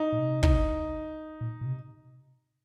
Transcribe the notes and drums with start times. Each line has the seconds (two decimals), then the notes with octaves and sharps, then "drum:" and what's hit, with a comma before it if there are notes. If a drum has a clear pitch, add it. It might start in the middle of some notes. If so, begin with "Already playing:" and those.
Already playing: D#4
0.12 A#2
0.19 C3
0.43 D#4, drum: kick
1.41 A#2
1.61 A#2
1.65 C3